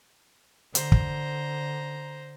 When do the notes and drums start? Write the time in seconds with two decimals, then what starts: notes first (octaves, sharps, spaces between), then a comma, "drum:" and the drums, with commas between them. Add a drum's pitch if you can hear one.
0.75 D3 C5 A#5, drum: hi-hat
0.92 drum: kick